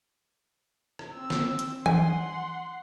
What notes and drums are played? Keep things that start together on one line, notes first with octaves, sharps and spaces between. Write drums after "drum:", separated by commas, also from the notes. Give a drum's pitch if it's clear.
drum: rim click
C4 E6
drum: snare
drum: hi-hat
F#5 G#5 C6, drum: tom E3